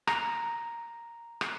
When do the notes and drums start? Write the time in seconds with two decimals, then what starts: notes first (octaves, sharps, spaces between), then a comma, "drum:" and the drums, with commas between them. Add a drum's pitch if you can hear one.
0.07 A#5, drum: rim click
1.41 drum: rim click